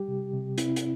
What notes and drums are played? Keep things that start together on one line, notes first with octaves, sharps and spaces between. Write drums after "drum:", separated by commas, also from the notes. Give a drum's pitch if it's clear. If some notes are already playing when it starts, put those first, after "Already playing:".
Already playing: G3 G4
C3
C3
C4 E4, drum: hi-hat
drum: hi-hat